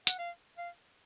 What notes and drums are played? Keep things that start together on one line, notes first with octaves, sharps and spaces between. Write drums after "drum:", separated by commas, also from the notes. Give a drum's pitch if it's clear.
F#5, drum: hi-hat
F5
F5